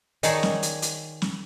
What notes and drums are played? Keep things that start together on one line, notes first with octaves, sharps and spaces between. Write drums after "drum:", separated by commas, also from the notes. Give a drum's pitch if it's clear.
D#3 D#4 G#4 C#5 D5 A5, drum: hi-hat
drum: snare
drum: hi-hat
drum: hi-hat
drum: snare